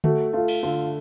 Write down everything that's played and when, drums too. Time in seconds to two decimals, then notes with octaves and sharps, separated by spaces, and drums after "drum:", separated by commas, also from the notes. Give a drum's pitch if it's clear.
0.04 A3 F#4, drum: tom D3
0.33 A3 F4
0.48 drum: cymbal
0.63 D3 F4